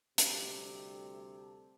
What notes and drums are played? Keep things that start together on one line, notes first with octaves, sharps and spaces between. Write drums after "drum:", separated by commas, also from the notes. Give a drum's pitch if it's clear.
D2 C3 G3 G4, drum: hi-hat
A4